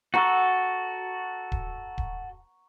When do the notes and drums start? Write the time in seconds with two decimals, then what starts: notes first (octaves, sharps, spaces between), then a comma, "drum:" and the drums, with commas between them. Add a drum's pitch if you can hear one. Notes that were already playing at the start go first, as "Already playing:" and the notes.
0.14 F#4 A4 F#5 A#5 C#6
1.52 drum: kick D1
1.98 drum: kick D1